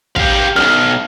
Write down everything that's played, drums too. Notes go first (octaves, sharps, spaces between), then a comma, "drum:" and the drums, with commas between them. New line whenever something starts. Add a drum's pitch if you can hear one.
G4 F5, drum: kick
B1 F#2 F6